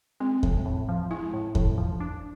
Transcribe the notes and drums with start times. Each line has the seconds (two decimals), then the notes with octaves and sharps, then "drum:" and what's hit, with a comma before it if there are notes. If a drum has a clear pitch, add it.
0.20 G#3 C4
0.43 A2, drum: kick E2
0.65 A2
0.89 F3
1.11 G#3 E4
1.34 A2
1.55 A2, drum: kick E2
1.78 F3
2.00 D4